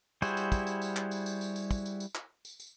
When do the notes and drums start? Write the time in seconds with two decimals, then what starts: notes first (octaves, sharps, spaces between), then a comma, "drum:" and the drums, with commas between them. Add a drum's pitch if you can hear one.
0.22 G3 E4 F#4 G#4 C5, drum: tambourine
0.37 drum: tambourine
0.52 drum: kick, tambourine
0.67 drum: tambourine
0.82 drum: tambourine
0.96 drum: clap
1.11 drum: tambourine
1.26 drum: tambourine
1.41 drum: tambourine
1.56 drum: tambourine
1.71 drum: kick, tambourine
1.85 drum: tambourine
2.00 drum: tambourine
2.15 drum: clap
2.45 drum: tambourine
2.60 drum: tambourine